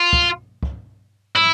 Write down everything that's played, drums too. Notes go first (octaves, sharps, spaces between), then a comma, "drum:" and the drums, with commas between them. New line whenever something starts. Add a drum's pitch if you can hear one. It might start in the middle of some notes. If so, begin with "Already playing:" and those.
Already playing: F4
drum: kick
drum: kick
E4, drum: tom